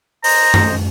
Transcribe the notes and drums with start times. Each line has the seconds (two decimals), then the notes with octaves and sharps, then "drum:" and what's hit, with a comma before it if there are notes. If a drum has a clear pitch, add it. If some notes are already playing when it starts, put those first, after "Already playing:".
0.24 C5 D#5 A#5, drum: open hi-hat
0.54 drum: tom F#2